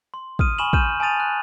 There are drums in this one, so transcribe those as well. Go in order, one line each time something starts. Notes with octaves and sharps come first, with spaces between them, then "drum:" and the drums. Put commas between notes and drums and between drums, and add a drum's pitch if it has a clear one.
C6
D#6 F6 D#7, drum: kick
G#5 B5 C#6 E7 F#7
F6 G6 D#7 E7, drum: kick
G#5 A5 D#6 A6 D#7 F7
F#6